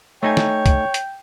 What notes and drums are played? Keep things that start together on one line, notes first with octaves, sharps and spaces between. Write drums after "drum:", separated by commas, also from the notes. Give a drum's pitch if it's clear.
A3 D#4 C#5 G5 G#5
drum: snare
drum: kick, hi-hat
drum: hi-hat